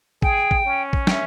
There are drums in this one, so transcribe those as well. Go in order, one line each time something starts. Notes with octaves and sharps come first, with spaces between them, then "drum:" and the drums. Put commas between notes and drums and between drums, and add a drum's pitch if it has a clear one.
G#4 G5, drum: kick
drum: kick
C#4
drum: kick
G5, drum: snare
E5